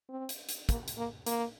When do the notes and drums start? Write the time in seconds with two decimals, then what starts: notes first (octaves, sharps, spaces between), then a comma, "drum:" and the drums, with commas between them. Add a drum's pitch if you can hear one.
0.09 C4
0.29 drum: hi-hat
0.49 drum: hi-hat
0.69 A#3, drum: kick, hi-hat
0.88 drum: hi-hat
0.98 A#3
1.26 A#3, drum: hi-hat